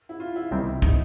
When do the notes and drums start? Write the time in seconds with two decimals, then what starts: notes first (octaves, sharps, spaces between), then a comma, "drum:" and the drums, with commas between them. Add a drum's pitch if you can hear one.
0.09 E4
0.20 F4
0.36 E4
0.51 C2 C3 D#3 G3 C4
0.82 D#4, drum: kick